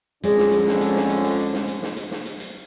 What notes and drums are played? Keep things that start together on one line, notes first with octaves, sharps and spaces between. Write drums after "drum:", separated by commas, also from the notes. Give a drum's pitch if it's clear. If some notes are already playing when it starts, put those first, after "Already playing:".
F2 D3 G#3 C#4 D5, drum: hi-hat
drum: snare
drum: hi-hat
drum: snare
drum: hi-hat
drum: snare
drum: hi-hat
drum: hi-hat
drum: hi-hat
drum: snare
drum: hi-hat
drum: snare
drum: hi-hat
drum: snare
drum: hi-hat
drum: hi-hat